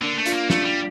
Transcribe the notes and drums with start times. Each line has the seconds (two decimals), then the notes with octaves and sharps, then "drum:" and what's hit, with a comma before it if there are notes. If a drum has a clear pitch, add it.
0.01 D3 A#3 D4
0.18 A3
0.26 D4 F4, drum: hi-hat
0.33 A#3
0.50 A3 D4 F4, drum: snare
0.65 G3